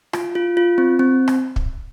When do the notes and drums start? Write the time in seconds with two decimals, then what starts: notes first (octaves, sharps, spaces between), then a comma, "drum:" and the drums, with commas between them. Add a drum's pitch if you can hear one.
0.13 F4, drum: rim click
0.35 F4
0.57 F4
0.78 C4
0.99 C4
1.28 drum: rim click
1.56 drum: kick